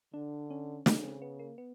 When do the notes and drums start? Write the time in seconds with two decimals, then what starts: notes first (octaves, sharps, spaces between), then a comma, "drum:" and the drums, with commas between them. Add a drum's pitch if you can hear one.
0.14 D3 D4
0.50 C#4
0.86 C#3, drum: snare
1.04 C4
1.22 B3
1.39 A#3
1.58 B3